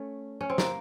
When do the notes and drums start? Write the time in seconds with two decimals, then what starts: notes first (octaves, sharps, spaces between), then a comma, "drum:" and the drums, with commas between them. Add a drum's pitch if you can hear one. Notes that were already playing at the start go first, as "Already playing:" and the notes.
Already playing: A3 C#4
0.41 C#4
0.50 C4
0.58 A#3, drum: snare